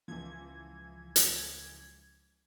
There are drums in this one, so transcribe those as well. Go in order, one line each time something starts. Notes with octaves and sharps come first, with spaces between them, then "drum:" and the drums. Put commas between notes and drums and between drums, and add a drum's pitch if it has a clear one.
C#2 E3 F3 G#6
drum: hi-hat